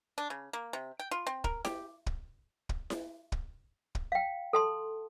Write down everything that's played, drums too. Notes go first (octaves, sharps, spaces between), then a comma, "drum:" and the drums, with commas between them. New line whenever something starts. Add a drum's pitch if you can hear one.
D4
C#3
A#3
C3
G5
F4
C4
A#4, drum: kick
G4, drum: snare E4
drum: kick
drum: kick
drum: snare E4
drum: kick
drum: kick
F5 G5
A4 A5 C6